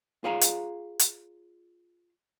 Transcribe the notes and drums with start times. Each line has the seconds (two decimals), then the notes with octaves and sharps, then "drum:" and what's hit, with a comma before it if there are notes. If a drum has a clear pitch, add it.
0.24 F4 G#4 C#5 F5 G#5 A#5
0.41 drum: hi-hat
0.99 drum: hi-hat